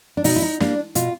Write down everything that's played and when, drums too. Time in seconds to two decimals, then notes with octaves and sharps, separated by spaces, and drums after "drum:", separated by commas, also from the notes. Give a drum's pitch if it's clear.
0.17 D4
0.24 B2 D#4, drum: open hi-hat
0.36 E4
0.42 D#4
0.60 G3 A#3 D4, drum: snare
0.95 B2 F4, drum: hi-hat